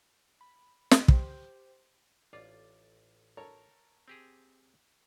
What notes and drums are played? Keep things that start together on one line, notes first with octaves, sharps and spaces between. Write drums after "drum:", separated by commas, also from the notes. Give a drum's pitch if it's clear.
B5
drum: snare
G4 C5, drum: kick
A1 F4 D5
A4 A#4 C#5
C4 G4 G#4